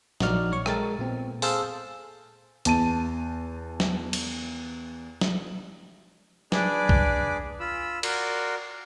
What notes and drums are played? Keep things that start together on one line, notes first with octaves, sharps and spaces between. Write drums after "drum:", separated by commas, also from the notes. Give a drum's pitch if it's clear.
A#1 D#4 F#4 D5 F6, drum: snare
C#5 C#6
G#3 A4 A#4 A6, drum: rim click
A#2 B3 C4
G#4 A4 C5 F5 A5 E6, drum: open hi-hat
E2 A5 D#7, drum: hi-hat
drum: snare
drum: cymbal
drum: snare
D4 G#4 B4 D5 D6, drum: snare
drum: kick B1
F4 B5 E6
F#4 A#4 D5 C6, drum: cymbal